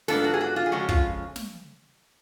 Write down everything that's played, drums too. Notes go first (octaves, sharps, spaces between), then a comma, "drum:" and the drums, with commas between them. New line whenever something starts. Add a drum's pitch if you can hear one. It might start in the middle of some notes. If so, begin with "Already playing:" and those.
G#2 F#3 B3 D4 F4 A4, drum: snare
F#4
G#4
F#4
F4
G#4
F2 C#3 G#3 C#4 F#4
F4, drum: kick
drum: snare